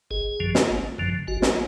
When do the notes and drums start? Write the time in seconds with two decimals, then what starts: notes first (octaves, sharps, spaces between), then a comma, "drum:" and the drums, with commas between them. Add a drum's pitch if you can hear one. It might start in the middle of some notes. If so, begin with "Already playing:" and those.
0.11 G#1 G#4
0.40 F#2 D3 F3
0.55 drum: snare
0.69 G#1
0.98 F#2 D3 F3
1.28 G#1 F#4
1.42 drum: snare